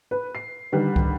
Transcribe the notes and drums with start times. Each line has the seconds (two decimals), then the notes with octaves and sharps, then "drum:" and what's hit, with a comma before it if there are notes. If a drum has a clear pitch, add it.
0.11 B4
0.35 C7
0.72 D3 D#3 G3 B4
0.96 drum: kick